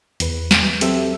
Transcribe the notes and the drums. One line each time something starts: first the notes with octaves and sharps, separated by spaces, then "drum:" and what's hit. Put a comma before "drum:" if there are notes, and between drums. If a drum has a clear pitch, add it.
E2 B4, drum: hi-hat
drum: snare
F#3 C4 G4 A4 E5 E6, drum: hi-hat